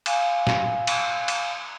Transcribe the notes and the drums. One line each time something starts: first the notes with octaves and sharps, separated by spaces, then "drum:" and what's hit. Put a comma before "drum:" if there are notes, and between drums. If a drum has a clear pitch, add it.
F5 G#5, drum: cymbal
drum: snare
drum: cymbal
drum: cymbal